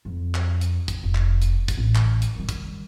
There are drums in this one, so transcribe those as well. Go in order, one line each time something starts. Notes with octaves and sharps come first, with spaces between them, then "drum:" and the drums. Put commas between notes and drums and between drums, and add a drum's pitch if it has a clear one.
F2
drum: clap
drum: hi-hat
drum: kick, hi-hat
F1
drum: clap
drum: hi-hat
drum: kick, hi-hat
A1
drum: clap
drum: hi-hat
D#3 G3
drum: kick, hi-hat